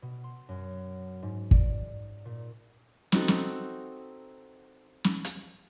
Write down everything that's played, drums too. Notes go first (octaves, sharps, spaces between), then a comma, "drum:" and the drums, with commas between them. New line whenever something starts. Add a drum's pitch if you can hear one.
B2
C6
F#2
G#2
D5, drum: kick
A#2
C4 D#4 F#4 A4, drum: snare
drum: snare
drum: snare
drum: hi-hat